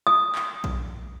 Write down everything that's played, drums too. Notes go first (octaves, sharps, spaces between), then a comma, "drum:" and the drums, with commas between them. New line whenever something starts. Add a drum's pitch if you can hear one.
D#6
drum: clap
drum: kick A#1